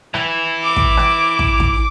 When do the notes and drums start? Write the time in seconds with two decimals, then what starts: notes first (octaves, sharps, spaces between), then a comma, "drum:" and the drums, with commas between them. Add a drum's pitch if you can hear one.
0.14 E3 E4, drum: rim click
0.63 D6
0.76 drum: kick
0.97 drum: rim click
1.39 drum: kick
1.60 drum: kick